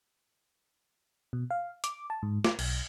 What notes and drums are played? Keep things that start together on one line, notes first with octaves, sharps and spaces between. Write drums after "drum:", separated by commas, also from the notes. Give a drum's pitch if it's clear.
B2
F5
D6, drum: hi-hat
A5
G#2
D6, drum: snare
B1, drum: cymbal